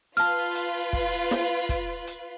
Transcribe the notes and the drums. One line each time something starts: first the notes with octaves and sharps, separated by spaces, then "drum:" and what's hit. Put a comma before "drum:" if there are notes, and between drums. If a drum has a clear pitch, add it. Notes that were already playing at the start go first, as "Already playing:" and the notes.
F4 B4 A5 F6, drum: hi-hat
drum: hi-hat
drum: kick
drum: snare
drum: kick, hi-hat
drum: hi-hat